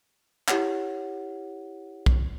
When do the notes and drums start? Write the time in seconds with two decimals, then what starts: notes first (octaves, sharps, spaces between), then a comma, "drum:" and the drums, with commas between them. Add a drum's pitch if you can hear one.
0.48 E4 G4 C#5 F#5, drum: clap
2.06 drum: kick B1